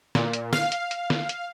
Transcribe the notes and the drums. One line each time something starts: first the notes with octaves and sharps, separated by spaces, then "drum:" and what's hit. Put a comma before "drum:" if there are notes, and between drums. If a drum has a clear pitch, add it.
A#2, drum: snare
drum: hi-hat
F5, drum: snare
drum: hi-hat
drum: hi-hat
drum: snare
drum: hi-hat